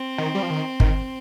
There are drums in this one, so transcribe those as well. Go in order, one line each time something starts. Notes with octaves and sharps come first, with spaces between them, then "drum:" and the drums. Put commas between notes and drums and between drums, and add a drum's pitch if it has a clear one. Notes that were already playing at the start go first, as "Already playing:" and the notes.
Already playing: C4
D#3
G3
F3
D#3
D#3, drum: kick